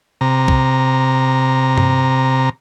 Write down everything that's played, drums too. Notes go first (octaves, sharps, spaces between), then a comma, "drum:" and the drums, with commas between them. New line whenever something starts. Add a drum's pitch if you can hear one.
C3 A#5
drum: kick
drum: tom G2